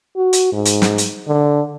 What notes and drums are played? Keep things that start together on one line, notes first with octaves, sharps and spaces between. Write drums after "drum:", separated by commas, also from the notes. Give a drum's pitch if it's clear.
F#4
drum: hi-hat
G#2
drum: hi-hat
drum: snare
drum: hi-hat
D3